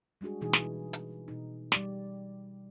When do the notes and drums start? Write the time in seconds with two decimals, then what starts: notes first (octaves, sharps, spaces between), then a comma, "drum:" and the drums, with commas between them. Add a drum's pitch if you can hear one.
0.21 G3 G#3 D4 F#4 G#4
0.41 B2 E3 D#4 G#4
0.53 drum: snare
0.93 drum: hi-hat
1.28 B2 D#4
1.72 G3 G4 D5, drum: snare